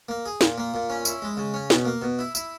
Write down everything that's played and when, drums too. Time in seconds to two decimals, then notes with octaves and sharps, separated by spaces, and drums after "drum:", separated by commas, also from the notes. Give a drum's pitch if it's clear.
0.09 A#3
0.26 G#4
0.41 A#2, drum: snare
0.58 A#3
0.74 A#2
0.90 C#4
1.05 E4, drum: tambourine
1.22 G#3
1.37 C#3
1.54 C#4
1.70 B2, drum: snare
1.85 A#3
2.02 B2
2.19 E4
2.35 E4, drum: tambourine